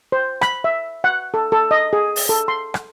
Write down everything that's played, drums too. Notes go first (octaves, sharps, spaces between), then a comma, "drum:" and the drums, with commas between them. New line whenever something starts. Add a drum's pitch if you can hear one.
C5
B5, drum: rim click
E5
F#5
A4
A4
D#5
G#4
drum: open hi-hat
A4
C6
drum: rim click